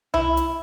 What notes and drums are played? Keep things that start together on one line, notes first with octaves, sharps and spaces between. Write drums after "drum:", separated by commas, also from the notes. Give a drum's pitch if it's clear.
E4, drum: tom C2
drum: hi-hat